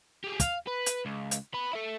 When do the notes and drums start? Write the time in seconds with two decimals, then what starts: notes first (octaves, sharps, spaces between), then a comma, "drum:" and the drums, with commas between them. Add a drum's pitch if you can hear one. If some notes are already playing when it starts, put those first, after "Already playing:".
0.24 G4 G#4
0.40 F5, drum: kick, hi-hat
0.67 B4
0.86 drum: hi-hat
1.05 C#2
1.31 drum: hi-hat
1.54 B3 B5
1.73 A4 E5